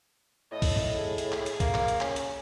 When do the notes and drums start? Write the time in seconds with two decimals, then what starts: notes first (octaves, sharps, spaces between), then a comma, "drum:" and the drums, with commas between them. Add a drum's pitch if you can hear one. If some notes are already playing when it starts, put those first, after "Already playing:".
0.52 A2 A4 D#5
0.62 drum: kick, open hi-hat
0.76 drum: tom G2
0.96 G#4
1.18 drum: hi-hat
1.32 drum: clap
1.46 drum: hi-hat
1.60 A#3, drum: kick, hi-hat
1.74 drum: clap
1.88 drum: hi-hat
2.01 C#4, drum: clap
2.16 drum: hi-hat